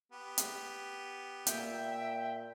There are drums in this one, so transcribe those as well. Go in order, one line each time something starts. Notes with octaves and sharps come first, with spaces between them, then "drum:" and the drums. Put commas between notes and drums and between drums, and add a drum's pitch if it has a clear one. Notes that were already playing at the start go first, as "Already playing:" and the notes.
B3 G4
drum: hi-hat
A#2 E5 G5, drum: hi-hat